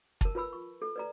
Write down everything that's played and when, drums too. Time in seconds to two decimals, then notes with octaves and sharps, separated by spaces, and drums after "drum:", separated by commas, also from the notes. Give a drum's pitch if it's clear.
0.21 A#4 A5, drum: kick
0.35 F4 B4 B5 E6
0.53 C#6
0.82 A4
0.96 B4 D5 A#5